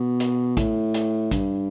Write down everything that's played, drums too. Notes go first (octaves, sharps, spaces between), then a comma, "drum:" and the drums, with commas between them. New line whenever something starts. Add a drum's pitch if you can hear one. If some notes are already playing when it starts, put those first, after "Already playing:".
Already playing: B2
drum: hi-hat
A2, drum: kick, hi-hat
drum: hi-hat
G2, drum: kick, hi-hat